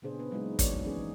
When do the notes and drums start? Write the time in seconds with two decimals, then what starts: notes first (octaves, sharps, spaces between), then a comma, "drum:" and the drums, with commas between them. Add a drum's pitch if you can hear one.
0.02 A#2 C#3 B3 D4 G#4 C5
0.19 B3 B4
0.31 F#3 G#3 A#3 B3 D#4 F#4
0.59 D#3 C#5 D5, drum: kick, hi-hat
0.85 E3 A#3 C#4 D#4 G#4